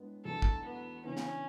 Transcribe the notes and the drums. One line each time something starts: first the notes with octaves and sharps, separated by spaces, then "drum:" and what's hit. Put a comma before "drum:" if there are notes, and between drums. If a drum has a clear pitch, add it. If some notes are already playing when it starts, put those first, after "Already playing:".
Already playing: A2 G#3 B3 D4
E2 B2 F#3 A3 D4 A4
drum: kick
B3
C#3 E3 B3 C#4 D4
drum: snare